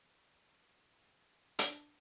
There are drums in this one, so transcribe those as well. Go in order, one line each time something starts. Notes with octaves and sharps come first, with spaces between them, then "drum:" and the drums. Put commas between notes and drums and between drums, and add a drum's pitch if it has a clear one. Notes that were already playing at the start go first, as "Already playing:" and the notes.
D4, drum: hi-hat